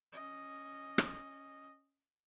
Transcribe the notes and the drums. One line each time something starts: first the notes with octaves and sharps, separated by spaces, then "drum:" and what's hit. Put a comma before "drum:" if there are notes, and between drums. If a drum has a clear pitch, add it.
C#4 D#5
drum: rim click